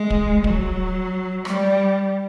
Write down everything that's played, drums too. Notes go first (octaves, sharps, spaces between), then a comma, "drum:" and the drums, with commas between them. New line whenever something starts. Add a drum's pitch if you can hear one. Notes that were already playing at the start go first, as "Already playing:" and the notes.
Already playing: G#3
drum: kick
F#3, drum: kick
G3, drum: rim click